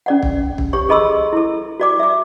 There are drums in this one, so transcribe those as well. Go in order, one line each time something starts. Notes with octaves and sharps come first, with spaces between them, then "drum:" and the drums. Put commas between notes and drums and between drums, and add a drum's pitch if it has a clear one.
C#4 D5 F#5
drum: kick
drum: kick
G4 C#5 C#6
G#4 A4 D#5 B5 C6 E6
E4 A4
F#4 D5 D6
E5 D6